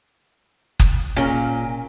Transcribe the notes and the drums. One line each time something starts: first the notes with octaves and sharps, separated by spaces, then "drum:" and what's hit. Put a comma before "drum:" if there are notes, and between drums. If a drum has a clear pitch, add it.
drum: kick F#1
A#2 C#4 A#4